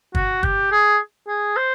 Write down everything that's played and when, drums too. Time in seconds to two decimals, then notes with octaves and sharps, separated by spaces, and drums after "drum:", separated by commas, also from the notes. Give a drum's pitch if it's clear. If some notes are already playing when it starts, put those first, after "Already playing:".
0.15 F#4, drum: kick
0.43 G4, drum: kick
0.72 G#4
1.28 G#4
1.56 C5